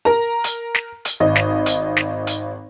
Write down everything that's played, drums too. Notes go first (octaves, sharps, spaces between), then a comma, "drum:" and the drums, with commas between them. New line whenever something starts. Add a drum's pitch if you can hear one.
A#4 A#5
drum: hi-hat
drum: snare
drum: hi-hat
G#1 D#5
drum: snare
drum: hi-hat
drum: snare
drum: hi-hat